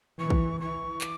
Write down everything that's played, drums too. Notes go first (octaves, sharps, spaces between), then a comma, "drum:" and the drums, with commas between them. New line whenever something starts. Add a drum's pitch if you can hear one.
E3 C#6
drum: kick
E3 C#6
D6, drum: clap